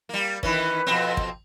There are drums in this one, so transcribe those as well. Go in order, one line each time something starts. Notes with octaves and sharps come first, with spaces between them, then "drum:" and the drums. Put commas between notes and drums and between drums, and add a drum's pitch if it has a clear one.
G3 A#3
D#3 E3 C#4 B4, drum: kick
F2 B2 C4
drum: kick